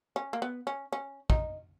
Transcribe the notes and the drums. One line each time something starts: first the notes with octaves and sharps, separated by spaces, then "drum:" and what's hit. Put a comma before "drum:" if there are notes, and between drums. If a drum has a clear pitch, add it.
C#4
A#3
B3
C#4
C#4
D#4, drum: kick